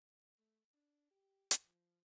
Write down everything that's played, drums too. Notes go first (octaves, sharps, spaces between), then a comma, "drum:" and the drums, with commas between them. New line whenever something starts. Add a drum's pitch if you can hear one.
A3
D4
G4
drum: hi-hat
F3